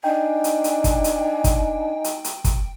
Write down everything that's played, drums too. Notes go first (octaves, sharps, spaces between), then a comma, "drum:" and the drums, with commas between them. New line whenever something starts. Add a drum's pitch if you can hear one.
D4 D#4 G5 G#5
drum: hi-hat
drum: hi-hat
drum: kick, hi-hat
drum: hi-hat
drum: kick, hi-hat
drum: hi-hat
drum: hi-hat
drum: kick, hi-hat